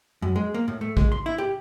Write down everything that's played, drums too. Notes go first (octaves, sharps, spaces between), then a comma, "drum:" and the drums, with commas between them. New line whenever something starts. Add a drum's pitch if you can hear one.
F#2
G#3
A#3
A2
A3
G#3, drum: kick
C6
E4
G4